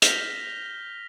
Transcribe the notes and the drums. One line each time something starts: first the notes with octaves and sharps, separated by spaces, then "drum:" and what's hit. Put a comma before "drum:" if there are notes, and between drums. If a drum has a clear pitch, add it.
F6 G6 A#6 B6 F7 G7, drum: hi-hat